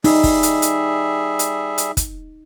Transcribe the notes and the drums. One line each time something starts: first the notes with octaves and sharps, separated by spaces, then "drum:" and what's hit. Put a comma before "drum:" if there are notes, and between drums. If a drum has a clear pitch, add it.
G3 D#4 G#4 E5, drum: open hi-hat
drum: kick, open hi-hat
drum: hi-hat
drum: hi-hat
drum: hi-hat
drum: hi-hat
drum: kick, hi-hat